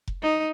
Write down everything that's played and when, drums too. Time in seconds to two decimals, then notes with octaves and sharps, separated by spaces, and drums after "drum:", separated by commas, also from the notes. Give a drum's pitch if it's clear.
0.08 drum: kick F1
0.23 D#4